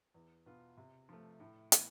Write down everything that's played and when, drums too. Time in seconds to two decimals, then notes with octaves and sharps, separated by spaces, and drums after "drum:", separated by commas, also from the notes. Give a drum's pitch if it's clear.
0.14 E2
0.46 B2 B3 F4
0.77 C3
1.09 F3 A3
1.40 A2
1.72 E3 B3, drum: hi-hat